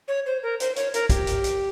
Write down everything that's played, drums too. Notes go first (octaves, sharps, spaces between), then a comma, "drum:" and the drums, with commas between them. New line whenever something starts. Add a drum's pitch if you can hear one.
C#5
C5
A#4
C5, drum: hi-hat
C#5, drum: hi-hat
A#4, drum: hi-hat
G4, drum: kick, hi-hat
drum: hi-hat
drum: hi-hat